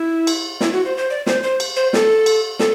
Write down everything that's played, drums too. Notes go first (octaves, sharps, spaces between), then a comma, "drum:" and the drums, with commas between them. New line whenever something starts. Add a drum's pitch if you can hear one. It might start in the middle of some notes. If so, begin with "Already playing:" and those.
Already playing: E4
drum: cymbal
E4, drum: snare
F#4
C5
C5
D5
C5, drum: snare
C5
drum: cymbal
C5
A4, drum: snare
drum: cymbal
A4, drum: snare